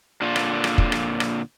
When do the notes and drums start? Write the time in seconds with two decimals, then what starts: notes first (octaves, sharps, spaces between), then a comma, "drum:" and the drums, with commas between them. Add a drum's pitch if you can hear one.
0.22 A#2 D3 D4 F4
0.36 drum: rim click
0.64 drum: rim click
0.78 drum: kick
0.92 drum: rim click
1.20 drum: rim click